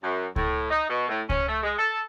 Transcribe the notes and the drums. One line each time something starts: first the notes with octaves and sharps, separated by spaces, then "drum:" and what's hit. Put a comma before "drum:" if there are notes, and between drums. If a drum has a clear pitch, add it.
F#2
A2, drum: kick C#2
D#4
B2
A2
C#4, drum: kick C#2
A3
G#3
A4